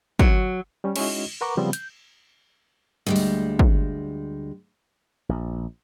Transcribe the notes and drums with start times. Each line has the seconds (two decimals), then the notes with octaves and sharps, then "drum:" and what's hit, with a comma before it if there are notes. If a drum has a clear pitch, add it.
0.19 F#3, drum: kick
0.84 G3 C#4
0.96 G#3 C#4 D#4 E4 F#4 D#5, drum: cymbal
1.41 A#4 B4 F#5 A#5 C#6 D6
1.57 C#3 F3 G3 B3 C4
1.73 G6, drum: hi-hat
3.06 D2 G3 G#3
3.16 drum: open hi-hat
3.59 drum: kick
5.29 A#1